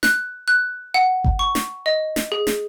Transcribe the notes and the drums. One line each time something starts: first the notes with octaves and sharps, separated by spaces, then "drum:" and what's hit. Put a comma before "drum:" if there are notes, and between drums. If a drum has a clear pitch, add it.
F#6, drum: snare
F#6
F#5
drum: kick G1
C#6
drum: snare
D#5
drum: snare
G#4
drum: snare